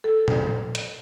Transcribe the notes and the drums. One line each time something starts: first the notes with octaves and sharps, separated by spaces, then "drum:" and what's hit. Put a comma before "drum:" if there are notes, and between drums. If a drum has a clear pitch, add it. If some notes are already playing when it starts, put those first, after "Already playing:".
A4
drum: tom A#2
drum: hi-hat